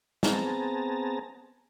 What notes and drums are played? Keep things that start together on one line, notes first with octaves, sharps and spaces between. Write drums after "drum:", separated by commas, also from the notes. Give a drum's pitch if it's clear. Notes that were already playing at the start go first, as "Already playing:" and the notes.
B3 C4 G#4 A5 A#5, drum: snare